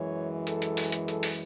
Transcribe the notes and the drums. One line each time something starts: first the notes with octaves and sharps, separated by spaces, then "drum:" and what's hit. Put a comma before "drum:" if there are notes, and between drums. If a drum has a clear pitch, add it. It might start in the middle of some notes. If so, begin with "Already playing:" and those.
Already playing: F#2 E3 G#3 C#5
A4, drum: hi-hat
drum: hi-hat
drum: open hi-hat
drum: hi-hat
A4, drum: hi-hat
drum: open hi-hat